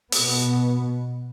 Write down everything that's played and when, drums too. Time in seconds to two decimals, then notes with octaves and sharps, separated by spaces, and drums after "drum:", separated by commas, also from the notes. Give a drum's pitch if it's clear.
0.12 B3, drum: open hi-hat
0.17 B2